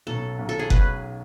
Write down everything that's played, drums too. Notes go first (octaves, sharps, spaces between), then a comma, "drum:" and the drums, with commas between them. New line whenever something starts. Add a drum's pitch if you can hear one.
B1 B2 F#3 C#4 A4
B1 B2 F#3 C#4
A4
G#4
B2 F#3 C#4 B4, drum: kick F#1